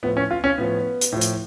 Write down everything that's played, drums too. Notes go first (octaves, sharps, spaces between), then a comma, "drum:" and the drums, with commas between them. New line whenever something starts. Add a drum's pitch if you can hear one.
A2 F3 B3
C#4
F4
C#4
A2 F3 B3
drum: hi-hat
A2 F3
drum: hi-hat